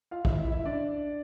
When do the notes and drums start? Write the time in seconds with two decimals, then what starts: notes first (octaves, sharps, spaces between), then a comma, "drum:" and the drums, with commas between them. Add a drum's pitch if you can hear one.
0.11 F4 F5
0.25 E4 E5, drum: kick
0.38 E4 E5
0.52 E4 E5
0.65 D4 D5